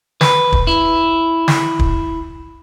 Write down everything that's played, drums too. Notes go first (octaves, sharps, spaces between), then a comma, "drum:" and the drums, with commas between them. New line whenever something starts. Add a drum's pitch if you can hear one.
B4, drum: snare
drum: kick
E4
drum: snare
drum: kick